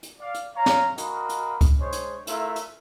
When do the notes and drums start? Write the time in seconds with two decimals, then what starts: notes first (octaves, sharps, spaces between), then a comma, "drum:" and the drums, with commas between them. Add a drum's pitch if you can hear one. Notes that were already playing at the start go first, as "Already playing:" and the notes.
0.03 drum: hi-hat
0.21 D5 F5
0.34 drum: hi-hat
0.56 C#5 F5 A#5
0.66 drum: snare
0.98 F#4 G#4 A#4 D#5 F5 B5, drum: hi-hat
1.29 drum: hi-hat
1.61 drum: kick C#2, hi-hat
1.80 G#3 D4 C5 C#5
1.92 drum: hi-hat
2.27 A3 E4 F4 A#4 E5, drum: hi-hat
2.56 drum: hi-hat